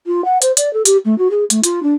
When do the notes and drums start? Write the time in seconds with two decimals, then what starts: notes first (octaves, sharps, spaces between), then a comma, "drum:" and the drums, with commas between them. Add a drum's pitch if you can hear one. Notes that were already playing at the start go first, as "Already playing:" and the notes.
0.06 F4
0.25 F#5
0.42 C5, drum: hi-hat
0.57 D5, drum: hi-hat
0.73 A4
0.85 G4, drum: hi-hat
1.05 A3
1.18 F#4
1.31 G#4
1.50 A3, drum: hi-hat
1.64 F4, drum: hi-hat
1.83 D4